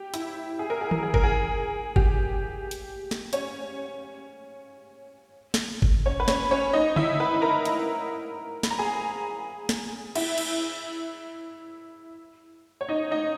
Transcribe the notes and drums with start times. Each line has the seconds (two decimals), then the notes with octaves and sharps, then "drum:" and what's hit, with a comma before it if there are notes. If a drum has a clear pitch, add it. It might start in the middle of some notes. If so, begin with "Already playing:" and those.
Already playing: G4 G5
0.14 E4 E5, drum: hi-hat
0.59 G#4
0.70 A#4
0.81 G#4
0.91 A#4, drum: tom D#3
1.03 G#4
1.14 A#4, drum: kick
1.24 G#4
1.96 G4, drum: kick
2.71 drum: hi-hat
3.11 drum: snare
3.33 C#4 C#5, drum: hi-hat
5.54 drum: snare
5.82 drum: kick
6.06 C#4 C#5
6.20 B4
6.28 C#4 C#5, drum: snare
6.51 C#4 C#5
6.73 D#4 D#5
6.96 E4 E5, drum: tom C#3
7.19 B4 B5
7.37 B5
7.42 A#4 A#5
7.65 drum: hi-hat
8.63 B5, drum: snare
8.70 A#5
8.79 G#4 G#5
9.69 drum: snare
10.15 E4 E5, drum: cymbal
10.38 drum: cymbal
12.81 C#5
12.89 D#4 D#5
13.11 D#4 D#5